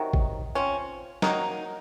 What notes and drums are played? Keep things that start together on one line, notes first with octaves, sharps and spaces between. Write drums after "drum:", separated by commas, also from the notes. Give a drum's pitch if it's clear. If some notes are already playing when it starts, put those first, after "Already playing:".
Already playing: C3 D#3 F#3
drum: kick
F3 C4 C#4
D#3 F#3 A#3 D#4, drum: snare